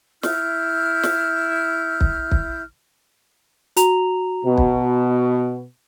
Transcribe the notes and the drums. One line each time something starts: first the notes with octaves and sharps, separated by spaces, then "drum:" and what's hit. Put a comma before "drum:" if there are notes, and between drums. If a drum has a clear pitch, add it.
E4 F6 G6, drum: snare
drum: snare
drum: kick
drum: kick
F#4 A#5 F7, drum: hi-hat
B2
drum: kick